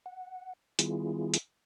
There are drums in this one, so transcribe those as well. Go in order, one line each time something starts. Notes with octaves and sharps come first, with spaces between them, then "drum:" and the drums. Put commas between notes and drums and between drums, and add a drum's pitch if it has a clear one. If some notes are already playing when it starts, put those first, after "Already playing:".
F#5
D#3 G3 B3 E4 F4 G#4, drum: hi-hat
drum: hi-hat